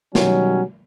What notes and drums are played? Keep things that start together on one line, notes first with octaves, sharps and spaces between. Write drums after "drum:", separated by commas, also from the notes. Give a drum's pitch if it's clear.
B2 D#3 F#3 G3 C#4, drum: snare